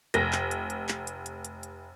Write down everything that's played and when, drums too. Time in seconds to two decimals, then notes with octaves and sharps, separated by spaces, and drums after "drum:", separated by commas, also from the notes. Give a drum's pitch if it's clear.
0.14 F1 A#6, drum: hi-hat
0.33 drum: clap
0.51 drum: hi-hat
0.70 drum: hi-hat
0.89 drum: clap
1.07 drum: hi-hat
1.26 drum: hi-hat
1.45 drum: hi-hat
1.63 drum: hi-hat